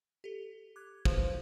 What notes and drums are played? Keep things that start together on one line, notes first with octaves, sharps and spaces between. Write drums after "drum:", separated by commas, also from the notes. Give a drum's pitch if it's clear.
G4 A4
D6 F#6 G#6
F3 B4, drum: kick